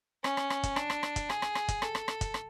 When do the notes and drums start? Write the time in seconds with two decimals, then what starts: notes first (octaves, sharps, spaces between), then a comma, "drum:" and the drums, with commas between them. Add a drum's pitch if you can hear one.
0.24 C#4, drum: rim click
0.37 drum: rim click
0.50 drum: rim click
0.63 drum: kick, hi-hat
0.76 D4, drum: rim click
0.90 drum: rim click
1.03 drum: rim click
1.16 drum: kick, hi-hat
1.30 G#4, drum: rim click
1.42 drum: rim click
1.55 drum: rim click
1.68 drum: kick, hi-hat
1.82 A4, drum: rim click
1.95 drum: rim click
2.08 drum: rim click
2.21 drum: kick, hi-hat
2.34 drum: rim click